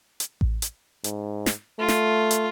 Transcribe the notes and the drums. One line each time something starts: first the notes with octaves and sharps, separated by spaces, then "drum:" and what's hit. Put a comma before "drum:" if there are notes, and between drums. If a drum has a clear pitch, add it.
drum: hi-hat
drum: kick A1
drum: hi-hat
G#2, drum: hi-hat
drum: snare
A3 F4
drum: snare
drum: hi-hat